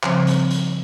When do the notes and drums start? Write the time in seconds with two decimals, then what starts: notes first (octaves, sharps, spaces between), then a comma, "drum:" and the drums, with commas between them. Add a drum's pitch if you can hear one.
0.03 C#3 F3 G3 C4 C5, drum: clap
0.27 drum: hi-hat
0.51 drum: hi-hat